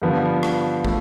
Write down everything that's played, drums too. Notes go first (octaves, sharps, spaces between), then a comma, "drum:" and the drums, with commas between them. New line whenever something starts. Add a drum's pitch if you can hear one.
G2 D3 F3 B3
drum: rim click
F3 A3, drum: kick